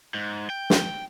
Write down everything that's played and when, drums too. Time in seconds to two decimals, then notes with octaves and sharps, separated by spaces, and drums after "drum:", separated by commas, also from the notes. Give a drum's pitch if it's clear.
0.14 G#2
0.50 G5
0.70 drum: snare